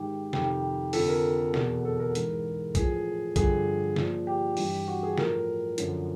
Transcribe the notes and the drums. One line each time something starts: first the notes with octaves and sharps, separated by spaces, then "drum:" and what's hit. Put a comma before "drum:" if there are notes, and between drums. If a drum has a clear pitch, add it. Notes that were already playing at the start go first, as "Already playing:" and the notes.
Already playing: G#2 D#3 G4
F2 C3 D#3 G4, drum: snare
F2 D3 F3 A4, drum: open hi-hat
A#4
E2 B2, drum: snare
A4
A#4
G#2 E3, drum: hi-hat
A2 F3 G#4, drum: kick B1, hi-hat
G2 D3 F3 G#4, drum: kick B1, hi-hat
A#2 F3, drum: snare
G4
G2 E3, drum: open hi-hat
F#4
G#4
A2 F3 A#4, drum: snare
F#2 D3 F3, drum: hi-hat